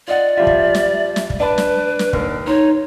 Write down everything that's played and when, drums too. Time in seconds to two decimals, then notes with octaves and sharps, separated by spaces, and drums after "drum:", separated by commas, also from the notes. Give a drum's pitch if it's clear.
0.08 F4 D5 D#5 F#5
0.37 F3 G3 F4 E5
0.47 drum: kick
0.74 drum: snare
1.16 drum: snare
1.30 drum: kick
1.40 D4 B4 D5 A5 B5
1.58 drum: snare
1.99 drum: snare
2.13 D#2 A#4, drum: kick
2.47 D#4 C#5 C6